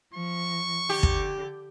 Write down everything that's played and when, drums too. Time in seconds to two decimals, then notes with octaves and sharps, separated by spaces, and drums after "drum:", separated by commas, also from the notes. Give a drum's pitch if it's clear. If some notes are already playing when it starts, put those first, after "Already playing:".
0.14 F3 C#6
0.89 D3 G4
1.03 drum: kick